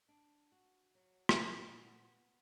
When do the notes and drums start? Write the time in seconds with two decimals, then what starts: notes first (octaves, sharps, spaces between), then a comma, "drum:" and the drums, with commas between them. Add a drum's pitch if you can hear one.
0.09 D4
0.52 F#4
0.95 F#3
1.29 drum: rim click
1.39 A#2
1.82 B3